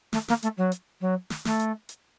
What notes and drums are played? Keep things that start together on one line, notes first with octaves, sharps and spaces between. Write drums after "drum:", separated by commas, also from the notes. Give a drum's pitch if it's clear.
A3, drum: snare
A#3, drum: snare
A3, drum: hi-hat
F#3
drum: hi-hat
F#3
drum: snare
A3, drum: snare
drum: hi-hat
drum: hi-hat